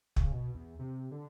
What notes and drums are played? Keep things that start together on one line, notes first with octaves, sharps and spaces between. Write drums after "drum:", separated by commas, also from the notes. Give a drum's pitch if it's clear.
C#3, drum: kick
B2
E2
C3
D3